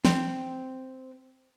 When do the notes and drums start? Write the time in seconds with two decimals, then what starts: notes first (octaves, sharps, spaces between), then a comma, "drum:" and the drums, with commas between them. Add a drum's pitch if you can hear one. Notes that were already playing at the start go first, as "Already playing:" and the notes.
0.05 C4, drum: snare